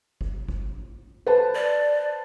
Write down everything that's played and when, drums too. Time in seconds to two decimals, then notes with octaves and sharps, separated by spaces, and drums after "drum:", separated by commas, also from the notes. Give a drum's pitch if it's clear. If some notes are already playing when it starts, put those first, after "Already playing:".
0.21 drum: kick
0.48 drum: kick
1.26 B4 C5 A5
1.55 D5